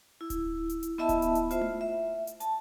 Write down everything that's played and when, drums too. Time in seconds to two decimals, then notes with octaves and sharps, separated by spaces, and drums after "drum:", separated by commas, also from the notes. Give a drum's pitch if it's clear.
0.21 E4
0.30 drum: kick D1, hi-hat
0.69 drum: hi-hat
0.83 drum: hi-hat
0.98 B3 E4 D#5 E5 A5 B5
1.09 drum: kick D1, hi-hat
1.22 drum: hi-hat
1.35 drum: hi-hat
1.51 F4 C5 E5, drum: hi-hat
1.61 drum: tom A3
1.81 E5
2.27 drum: hi-hat
2.40 A5, drum: hi-hat